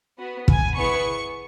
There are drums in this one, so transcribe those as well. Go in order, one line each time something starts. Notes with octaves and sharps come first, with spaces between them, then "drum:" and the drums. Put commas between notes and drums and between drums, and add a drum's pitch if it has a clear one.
B3 F#4
G#5, drum: kick
B3 E4 G#4 C#6